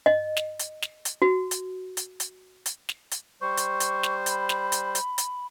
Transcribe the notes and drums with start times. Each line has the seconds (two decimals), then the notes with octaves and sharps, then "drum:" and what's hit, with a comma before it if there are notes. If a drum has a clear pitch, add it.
0.06 D#5
0.37 drum: snare
0.59 drum: hi-hat
0.82 drum: snare
1.05 drum: hi-hat
1.22 F#4
1.51 drum: hi-hat
1.97 drum: hi-hat
2.20 drum: hi-hat
2.66 drum: hi-hat
2.89 drum: snare
3.12 drum: hi-hat
3.41 G3 C5 C#6
3.57 drum: hi-hat
3.80 drum: hi-hat
4.03 drum: snare
4.26 B5, drum: hi-hat
4.49 drum: snare
4.72 drum: hi-hat
4.95 drum: hi-hat
5.18 drum: hi-hat